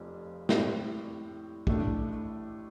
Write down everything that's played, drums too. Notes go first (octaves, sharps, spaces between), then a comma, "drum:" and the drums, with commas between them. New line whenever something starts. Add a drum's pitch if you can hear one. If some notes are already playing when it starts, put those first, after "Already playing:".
Already playing: F1 F2 F3
A2 G3 C4 G4 D5, drum: snare
A1 A2 A3 D4, drum: kick